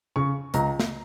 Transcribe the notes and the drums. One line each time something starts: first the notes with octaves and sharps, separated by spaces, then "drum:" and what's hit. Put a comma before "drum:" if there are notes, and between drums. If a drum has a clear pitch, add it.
C#3 C#6
C#2 A#5, drum: hi-hat
drum: snare